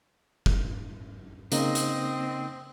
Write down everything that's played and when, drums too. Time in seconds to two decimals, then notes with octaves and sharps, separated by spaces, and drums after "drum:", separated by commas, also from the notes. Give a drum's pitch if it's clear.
0.46 drum: kick
1.52 C#3 A#3 C4 D#4 D#5, drum: hi-hat
1.75 drum: hi-hat